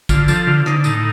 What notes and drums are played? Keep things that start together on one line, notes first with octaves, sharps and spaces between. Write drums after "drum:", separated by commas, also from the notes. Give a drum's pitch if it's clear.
D3 F4, drum: kick, tambourine
F3 A4, drum: tambourine
D3 F4
D3 D#4, drum: rim click
A2 D#4, drum: tambourine